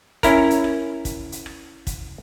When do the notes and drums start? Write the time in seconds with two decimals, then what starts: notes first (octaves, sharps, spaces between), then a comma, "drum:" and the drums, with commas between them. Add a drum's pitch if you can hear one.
0.23 C#4 E4 A#4, drum: kick, hi-hat
0.50 drum: hi-hat
0.64 drum: rim click
1.05 drum: kick, hi-hat
1.32 drum: hi-hat
1.46 drum: rim click
1.87 drum: kick, hi-hat